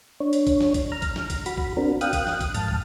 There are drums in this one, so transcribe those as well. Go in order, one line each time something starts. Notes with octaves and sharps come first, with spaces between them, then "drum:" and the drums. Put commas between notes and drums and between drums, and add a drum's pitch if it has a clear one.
D4 C#5
drum: hi-hat
drum: kick, hi-hat
drum: snare
drum: kick, hi-hat
A#5 F6
drum: kick, hi-hat
drum: snare
drum: kick, hi-hat
F#4 B5, drum: hi-hat
drum: kick
C4 D4 F#4 A#4
F5 G5 D#6 F#6, drum: hi-hat
drum: kick, hi-hat
drum: snare
drum: kick, hi-hat
F2 G#2 A5 F6, drum: hi-hat
drum: kick